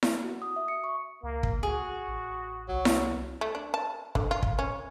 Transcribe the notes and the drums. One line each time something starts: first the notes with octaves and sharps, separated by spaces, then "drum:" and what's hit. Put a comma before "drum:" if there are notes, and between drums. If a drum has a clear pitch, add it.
drum: snare E4
F#4
D#6
E5
C#7
C#6
C#2 A#3
drum: kick
F#4 G#4
A1
C2 F#3
drum: snare E4
A3
D4
A5
D3, drum: kick
F4
drum: kick
C#4